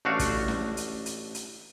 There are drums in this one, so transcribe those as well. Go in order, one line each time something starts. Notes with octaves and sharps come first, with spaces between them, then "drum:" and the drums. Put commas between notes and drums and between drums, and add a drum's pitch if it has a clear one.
A1 A3 D4 F#4 F5
drum: kick, hi-hat
drum: snare
drum: hi-hat
drum: hi-hat
drum: hi-hat